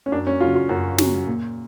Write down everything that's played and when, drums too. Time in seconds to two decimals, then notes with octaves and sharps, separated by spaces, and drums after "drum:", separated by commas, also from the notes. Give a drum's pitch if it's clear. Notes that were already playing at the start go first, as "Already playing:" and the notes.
0.06 C#4
0.12 F#2 D4
0.27 C#4
0.40 C#3 F#3 F4
0.55 F4
0.69 F#2 F#4
0.98 C#3 F#3, drum: snare
1.27 A#2